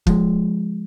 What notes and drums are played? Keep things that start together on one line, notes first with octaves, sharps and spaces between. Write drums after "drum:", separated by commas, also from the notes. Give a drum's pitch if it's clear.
F3 G#3, drum: kick